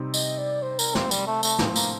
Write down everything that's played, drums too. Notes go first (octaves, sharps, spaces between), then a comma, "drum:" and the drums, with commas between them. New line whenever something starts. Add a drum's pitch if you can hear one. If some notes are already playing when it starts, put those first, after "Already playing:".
Already playing: C3 G3 C4 D#4
D#5, drum: tambourine
D5
C5
A#4, drum: tambourine
C4, drum: snare
G3, drum: tambourine
A3
A3, drum: tambourine
A2 F3 C4, drum: snare
A#3, drum: tambourine